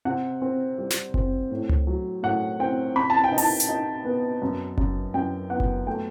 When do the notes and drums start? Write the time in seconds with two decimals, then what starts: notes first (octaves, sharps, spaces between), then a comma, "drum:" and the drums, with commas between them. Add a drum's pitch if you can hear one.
0.05 C3 F#5
0.42 C4
0.78 G3
0.90 drum: snare
1.14 C4, drum: kick F#1
1.51 A2
1.69 drum: tom C#2
1.87 F#3
2.23 A2 F#5
2.59 C4 G5
2.96 C3 B5
3.10 A5
3.24 G5
3.32 D#4
3.38 A5, drum: open hi-hat
3.60 drum: hi-hat
3.69 D#4
4.05 B3
4.42 F#2
4.78 F#2, drum: kick F#1
5.14 F#2 G5
5.50 B3 F#5
5.60 drum: kick F#1
5.87 A3 G5